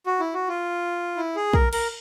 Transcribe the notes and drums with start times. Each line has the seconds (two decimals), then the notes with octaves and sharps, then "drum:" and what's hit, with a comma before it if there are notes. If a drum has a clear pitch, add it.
0.06 F#4
0.20 E4
0.34 F#4
0.48 F4
1.17 E4
1.36 G#4
1.53 A#4, drum: kick
1.73 A#4, drum: cymbal